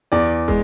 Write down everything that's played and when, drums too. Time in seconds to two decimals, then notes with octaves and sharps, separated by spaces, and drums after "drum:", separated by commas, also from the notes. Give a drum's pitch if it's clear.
0.12 E2 D5
0.48 G#3, drum: kick